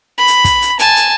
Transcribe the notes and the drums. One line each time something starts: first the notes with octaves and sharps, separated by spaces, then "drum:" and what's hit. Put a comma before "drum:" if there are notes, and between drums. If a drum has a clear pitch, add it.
B5
drum: hi-hat
drum: kick, hi-hat
drum: hi-hat
G#5 A5, drum: hi-hat
drum: hi-hat